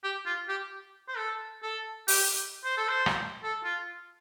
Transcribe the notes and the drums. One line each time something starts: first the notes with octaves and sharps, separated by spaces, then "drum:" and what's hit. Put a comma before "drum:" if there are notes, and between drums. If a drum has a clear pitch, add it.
G4
F4
G4
C5
A4
A4
G4, drum: open hi-hat
C5
A4
C5
drum: rim click
A4
F4